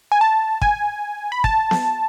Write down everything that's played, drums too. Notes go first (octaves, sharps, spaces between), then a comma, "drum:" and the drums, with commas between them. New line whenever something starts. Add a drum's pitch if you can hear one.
G#5
A5
G#5, drum: kick
B5
A5, drum: kick
drum: snare B3